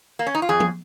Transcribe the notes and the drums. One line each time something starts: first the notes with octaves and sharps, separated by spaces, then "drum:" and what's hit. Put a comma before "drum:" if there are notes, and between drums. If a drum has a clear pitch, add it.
A#3
C#4
D#4
F4
F2 G#4
drum: tom F3